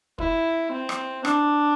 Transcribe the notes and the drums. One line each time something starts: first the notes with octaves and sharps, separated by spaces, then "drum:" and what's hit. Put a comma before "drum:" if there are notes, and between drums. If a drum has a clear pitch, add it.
E4, drum: kick
C4
drum: rim click
D4, drum: rim click